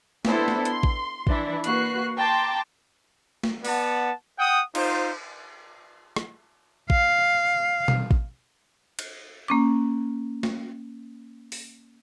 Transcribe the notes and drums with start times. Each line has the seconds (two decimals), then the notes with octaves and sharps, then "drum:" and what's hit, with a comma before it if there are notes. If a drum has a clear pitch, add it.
0.25 B3 D4 E4 A4 C5, drum: snare
0.48 drum: snare
0.65 C6, drum: hi-hat
0.83 drum: kick A1
1.27 E3 D4 E4, drum: kick A1
1.64 A#3 F#4 B4 F#6 C7, drum: hi-hat
2.17 G5 A5 A#5 C6 D6
3.43 drum: snare
3.65 B3 D5 F#5 A5, drum: open hi-hat
4.39 F#5 G5 D#6
4.75 D#4 F4 C5, drum: cymbal
6.16 drum: rim click
6.90 F5, drum: kick A1
7.88 drum: tom
8.11 drum: kick A1
8.99 drum: cymbal
9.48 A#3 C#4 D6
10.43 drum: snare
11.52 drum: open hi-hat